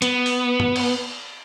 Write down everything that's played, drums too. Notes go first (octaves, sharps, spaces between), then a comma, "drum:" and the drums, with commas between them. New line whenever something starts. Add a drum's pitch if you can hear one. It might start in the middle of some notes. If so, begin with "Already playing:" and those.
B3, drum: hi-hat
drum: open hi-hat
drum: tom G2
drum: cymbal